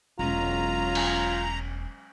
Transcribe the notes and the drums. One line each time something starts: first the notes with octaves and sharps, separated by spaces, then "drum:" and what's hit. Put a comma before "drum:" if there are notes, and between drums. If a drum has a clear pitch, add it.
E1 F#3 G#3 C#4 F4 A#5
drum: cymbal